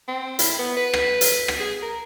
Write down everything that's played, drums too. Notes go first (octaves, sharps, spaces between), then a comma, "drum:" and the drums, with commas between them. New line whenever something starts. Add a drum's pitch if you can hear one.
C4
E4, drum: hi-hat
B3
B4
drum: rim click
drum: hi-hat
drum: rim click
G#4
A#4